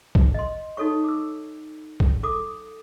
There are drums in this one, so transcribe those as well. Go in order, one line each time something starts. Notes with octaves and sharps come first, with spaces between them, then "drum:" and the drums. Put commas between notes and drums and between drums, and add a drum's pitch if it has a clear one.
drum: kick
D#5 C6
D#4 F#4 A4 C#5 C#6
D6 E6
drum: kick
A4 D6 D#6